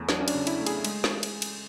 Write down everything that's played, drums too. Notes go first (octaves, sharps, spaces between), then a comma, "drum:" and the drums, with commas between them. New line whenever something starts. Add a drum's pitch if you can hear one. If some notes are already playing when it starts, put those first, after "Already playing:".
Already playing: E2 C#3 A3
F#3 D4, drum: snare
C#4
D4, drum: cymbal
C#3
E4, drum: cymbal
A3
G#4, drum: cymbal
G#3, drum: cymbal
drum: snare
drum: cymbal
drum: cymbal